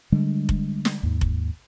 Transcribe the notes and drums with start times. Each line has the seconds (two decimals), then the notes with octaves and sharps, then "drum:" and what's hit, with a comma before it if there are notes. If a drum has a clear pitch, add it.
0.12 D3 G3 G#3 D4
0.49 drum: kick F1
0.85 drum: snare
1.03 D#2 G#2
1.21 drum: kick F1